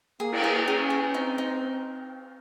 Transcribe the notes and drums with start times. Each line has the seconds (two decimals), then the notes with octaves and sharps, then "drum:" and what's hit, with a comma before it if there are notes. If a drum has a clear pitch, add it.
0.20 A#3 G#4
0.32 drum: cymbal
0.44 G#4
0.68 C#4 G#4
0.90 G#4
1.14 C4 D#4
1.38 D#4